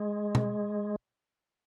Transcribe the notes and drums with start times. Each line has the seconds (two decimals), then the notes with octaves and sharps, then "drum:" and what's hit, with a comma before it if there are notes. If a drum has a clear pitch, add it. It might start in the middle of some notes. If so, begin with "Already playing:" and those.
Already playing: G#3
0.35 drum: tom B2